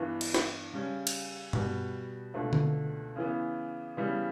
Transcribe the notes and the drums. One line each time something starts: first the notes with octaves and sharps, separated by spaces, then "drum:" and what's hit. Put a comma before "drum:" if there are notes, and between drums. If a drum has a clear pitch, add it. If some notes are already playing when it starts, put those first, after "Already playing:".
Already playing: G2 E3 B3 D4
drum: cymbal
drum: snare
C#3 G3 C#4
drum: cymbal
B2 G3 B3 F#4, drum: tom G2
C#2 B2 A3 D4
drum: tom D3
C#3 E3 B3
C#3 E3 G3 B3